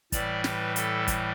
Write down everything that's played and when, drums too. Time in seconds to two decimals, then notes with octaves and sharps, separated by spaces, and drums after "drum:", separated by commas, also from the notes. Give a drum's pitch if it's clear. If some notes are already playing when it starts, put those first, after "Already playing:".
0.12 A2 E3 G3 D5, drum: kick, hi-hat
0.44 B4, drum: snare
0.76 A4, drum: hi-hat
1.07 drum: kick, hi-hat